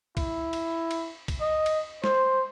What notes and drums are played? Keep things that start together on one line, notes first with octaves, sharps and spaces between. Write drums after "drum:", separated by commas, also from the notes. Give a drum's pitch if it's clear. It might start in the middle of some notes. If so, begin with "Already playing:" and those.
E4, drum: kick, cymbal
drum: cymbal
drum: cymbal
drum: kick, cymbal
D#5
drum: cymbal
C5, drum: snare